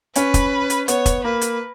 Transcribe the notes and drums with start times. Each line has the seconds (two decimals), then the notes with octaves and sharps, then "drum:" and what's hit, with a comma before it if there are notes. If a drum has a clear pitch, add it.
0.15 C#4 B4, drum: hi-hat
0.34 drum: kick, hi-hat
0.70 drum: hi-hat
0.88 B3 C#5, drum: hi-hat
1.06 drum: kick, hi-hat
1.24 A#3 B4
1.41 drum: hi-hat